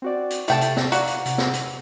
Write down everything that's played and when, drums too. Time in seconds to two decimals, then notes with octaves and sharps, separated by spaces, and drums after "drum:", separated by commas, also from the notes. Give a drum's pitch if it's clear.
0.02 C4 F#4 D5
0.30 drum: hi-hat
0.48 C3 A3 E4 G5 A5, drum: hi-hat
0.61 drum: hi-hat
0.77 drum: snare
0.92 F#4 D5 F5 A#5, drum: hi-hat
1.07 drum: hi-hat
1.25 C3, drum: hi-hat
1.38 drum: snare
1.53 drum: hi-hat